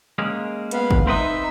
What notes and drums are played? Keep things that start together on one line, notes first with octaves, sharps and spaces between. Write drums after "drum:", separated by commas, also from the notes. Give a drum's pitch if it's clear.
G#3 A#3 C#4
B3 F5, drum: hi-hat
drum: kick
C4 D#4 B4 D#5 E5